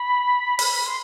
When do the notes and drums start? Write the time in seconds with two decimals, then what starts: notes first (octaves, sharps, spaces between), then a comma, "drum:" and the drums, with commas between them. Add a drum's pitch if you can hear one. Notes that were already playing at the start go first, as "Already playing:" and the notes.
Already playing: B5
0.59 drum: open hi-hat
0.85 C6